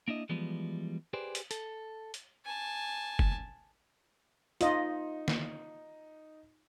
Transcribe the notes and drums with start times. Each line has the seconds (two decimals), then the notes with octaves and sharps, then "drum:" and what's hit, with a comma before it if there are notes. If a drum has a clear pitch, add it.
0.08 A#3 D4 E4 D#5
0.29 E3 F3 G3 G#3 B3
1.13 G4 G#4 B4 C5 D5
1.35 drum: hi-hat
1.51 A4, drum: hi-hat
2.14 drum: hi-hat
2.46 G#5 A5
3.19 drum: kick
4.61 D#4 F4 D#5, drum: hi-hat
5.28 drum: snare